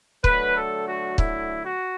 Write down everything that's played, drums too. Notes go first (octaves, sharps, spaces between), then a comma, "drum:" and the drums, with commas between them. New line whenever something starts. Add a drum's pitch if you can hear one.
D3 F#3 A3 B4, drum: kick
A4
F#4
E4, drum: kick
F#4